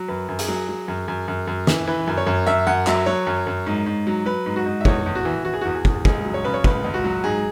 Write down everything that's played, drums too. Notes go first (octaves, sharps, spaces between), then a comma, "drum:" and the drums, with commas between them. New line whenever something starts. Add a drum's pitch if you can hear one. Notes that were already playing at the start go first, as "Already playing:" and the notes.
Already playing: F#3
F#2 B4
F#2
G#4, drum: hi-hat
F#3
F#3
F#2
F#2
F#2
F#2
E3, drum: snare
E3 B4
F#2
C#5
F#2
F#2 E5
F#2 F#5
F#3 E5, drum: clap
F#3 C#5
F#2
F#2
G#2
G#2
F#3
F#3 B4
G#2
F#4
G#2
E5
E2 C#5, drum: kick
E2
F#4
E3
E3 F#4
G#4
E2 F#4
G#4
E2, drum: kick
C#2 G#4, drum: kick
F#3
C#5
C#3 B4
C#5
C#2 B4, drum: kick
C#2
F#4
F#3
G#2 G#4